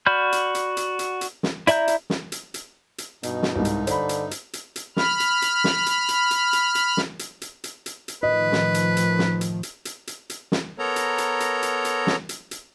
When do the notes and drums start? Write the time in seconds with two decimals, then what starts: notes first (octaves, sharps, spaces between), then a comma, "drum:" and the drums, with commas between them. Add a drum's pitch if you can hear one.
0.06 F#4 D5 B5 F6 G6
0.32 drum: hi-hat
0.55 drum: hi-hat
0.77 drum: hi-hat
0.99 drum: hi-hat
1.21 drum: hi-hat
1.43 drum: snare
1.67 E4 D5 E5 A#5 G6, drum: hi-hat
1.88 drum: hi-hat
2.10 drum: snare
2.32 drum: hi-hat
2.54 drum: hi-hat
2.98 drum: hi-hat
3.23 G2 B2 D#4, drum: hi-hat
3.43 drum: snare
3.55 C2 G#2
3.65 drum: hi-hat
3.87 D3 C5 B5, drum: hi-hat
4.09 drum: hi-hat
4.31 drum: hi-hat
4.53 drum: hi-hat
4.76 drum: hi-hat
4.97 B5 F6, drum: snare
5.20 drum: hi-hat
5.42 drum: hi-hat
5.64 drum: snare
5.86 drum: hi-hat
6.09 drum: hi-hat
6.31 drum: hi-hat
6.53 drum: hi-hat
6.75 drum: hi-hat
6.97 drum: snare
7.19 drum: hi-hat
7.42 drum: hi-hat
7.64 drum: hi-hat
7.86 drum: hi-hat
8.08 drum: hi-hat
8.23 A2 D#3 F3 B4 D#5
8.52 drum: snare
8.74 drum: hi-hat
8.97 drum: hi-hat
9.19 drum: snare
9.41 drum: hi-hat
9.63 drum: hi-hat
9.85 drum: hi-hat
10.07 drum: hi-hat
10.30 drum: hi-hat
10.52 drum: snare
10.79 B3 A4 A#4 C#5 A#5
10.96 drum: hi-hat
11.18 drum: hi-hat
11.40 drum: hi-hat
11.63 drum: hi-hat
11.85 drum: hi-hat
12.07 drum: snare
12.29 drum: hi-hat
12.51 drum: hi-hat